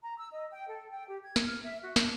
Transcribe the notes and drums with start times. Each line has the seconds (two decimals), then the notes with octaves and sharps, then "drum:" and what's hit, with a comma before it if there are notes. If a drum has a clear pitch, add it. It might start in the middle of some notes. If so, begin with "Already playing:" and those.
0.02 A#5
0.18 E6
0.32 D#5
0.52 G5
0.67 A4
0.91 G5
1.07 G4
1.24 G#6
1.36 drum: snare
1.46 F6
1.63 E5
1.82 F#4
1.96 D4, drum: snare